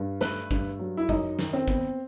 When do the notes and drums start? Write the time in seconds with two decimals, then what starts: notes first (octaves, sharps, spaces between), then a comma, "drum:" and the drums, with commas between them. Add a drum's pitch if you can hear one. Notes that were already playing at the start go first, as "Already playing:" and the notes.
Already playing: G2
0.21 A3 B4, drum: snare
0.51 G2, drum: kick
0.79 F#3
0.97 E4
1.09 F#2 D#4, drum: kick
1.39 D#3, drum: snare
1.53 C4
1.68 B3, drum: kick